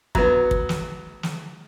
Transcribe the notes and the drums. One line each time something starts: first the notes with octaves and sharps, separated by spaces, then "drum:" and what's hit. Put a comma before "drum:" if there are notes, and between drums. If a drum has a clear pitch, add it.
F#3 B3, drum: kick
drum: kick
drum: snare
drum: snare